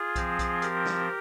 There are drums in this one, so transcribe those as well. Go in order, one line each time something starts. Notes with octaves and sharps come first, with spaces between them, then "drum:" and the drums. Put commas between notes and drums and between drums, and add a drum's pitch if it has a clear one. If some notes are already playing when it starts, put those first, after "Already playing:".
Already playing: F4 G#4
F3 C4, drum: kick B1, hi-hat
drum: kick B1, hi-hat
G4 A#4, drum: hi-hat
drum: snare